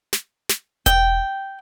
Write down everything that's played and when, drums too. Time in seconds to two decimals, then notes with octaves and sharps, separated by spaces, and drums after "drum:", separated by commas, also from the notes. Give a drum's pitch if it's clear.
0.13 drum: snare
0.49 drum: snare
0.86 G5, drum: kick E1, hi-hat